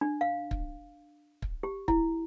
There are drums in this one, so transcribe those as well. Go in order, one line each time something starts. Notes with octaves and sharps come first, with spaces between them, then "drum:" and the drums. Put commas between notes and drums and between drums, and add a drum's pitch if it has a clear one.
D4
F5
drum: kick
drum: kick
G4
E4, drum: kick